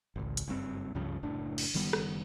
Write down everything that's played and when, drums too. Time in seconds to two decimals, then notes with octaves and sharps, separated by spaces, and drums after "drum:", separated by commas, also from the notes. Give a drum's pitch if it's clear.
0.16 G#1 C#2
0.37 drum: hi-hat
0.47 F#1 G2 C4
0.95 C#2 G2 C#3 F3
1.23 F#1 A2 D4
1.58 drum: cymbal
1.74 F#1 D#3 G3 B3, drum: open hi-hat
1.93 drum: rim click